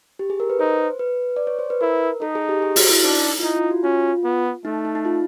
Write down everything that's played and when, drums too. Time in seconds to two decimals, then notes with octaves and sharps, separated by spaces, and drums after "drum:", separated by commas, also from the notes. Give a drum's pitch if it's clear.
0.19 G4
0.30 G#4
0.40 A#4
0.50 B4
0.60 D#4 C5
0.99 B4
1.36 D5
1.47 C#5
1.59 C5
1.70 B4
1.81 E4 A#4
2.21 D#4 A4
2.35 G#4
2.49 G4
2.62 G#4
2.76 F#4, drum: open hi-hat
2.90 E4
3.03 D4 D#4
3.39 F4
3.43 D#4 E4
3.56 F4
3.70 F#4
3.84 C#4 F4
4.24 B3
4.65 A3 D#4
4.85 D#4
4.95 D#4
5.05 F4